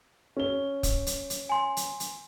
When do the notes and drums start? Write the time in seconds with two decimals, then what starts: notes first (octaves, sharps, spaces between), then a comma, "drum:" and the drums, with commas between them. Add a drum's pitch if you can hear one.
0.37 C#4 G7
0.83 drum: kick, hi-hat
1.07 drum: hi-hat
1.30 drum: hi-hat
1.49 G#5 C6
1.77 drum: hi-hat
2.00 drum: hi-hat